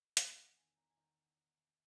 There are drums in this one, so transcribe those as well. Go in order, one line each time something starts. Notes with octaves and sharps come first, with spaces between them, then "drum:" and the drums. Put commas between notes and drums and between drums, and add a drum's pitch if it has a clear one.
D#3 E5, drum: hi-hat
E2 F#5
D#3 G#5
E2 A#5
G#5
D#3 A#5